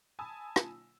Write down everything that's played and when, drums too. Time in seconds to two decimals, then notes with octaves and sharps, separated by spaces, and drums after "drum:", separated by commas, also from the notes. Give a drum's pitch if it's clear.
0.19 G#5 A5 B5 D#6 E6
0.56 drum: rim click